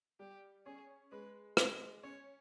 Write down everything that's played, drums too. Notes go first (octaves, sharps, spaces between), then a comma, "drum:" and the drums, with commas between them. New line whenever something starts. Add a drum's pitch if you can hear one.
G3 G4
C#4 G#4
G#3 B4
G#3 D#5, drum: rim click
C#4 C#5